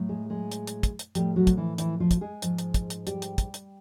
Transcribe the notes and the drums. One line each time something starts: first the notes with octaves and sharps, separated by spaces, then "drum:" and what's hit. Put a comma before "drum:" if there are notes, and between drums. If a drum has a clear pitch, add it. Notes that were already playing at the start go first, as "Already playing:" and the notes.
Already playing: A2 F#3
G#3 G#4
G#3 G#4
drum: hi-hat
drum: hi-hat
drum: kick, hi-hat
drum: hi-hat
A2 F3 G3 G4, drum: hi-hat
F#3 F#4
drum: kick, hi-hat
E3 E4
E3 E4, drum: hi-hat
F3 F4
drum: kick, hi-hat
G#3 G#4
G#2 F3, drum: hi-hat
drum: hi-hat
drum: kick, hi-hat
drum: hi-hat
G3 G4, drum: hi-hat
drum: hi-hat
drum: kick, hi-hat
drum: hi-hat